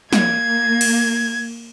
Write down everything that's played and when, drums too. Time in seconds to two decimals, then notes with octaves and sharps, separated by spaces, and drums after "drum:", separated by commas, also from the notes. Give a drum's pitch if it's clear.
0.13 A#3 G#6, drum: snare
0.81 drum: cymbal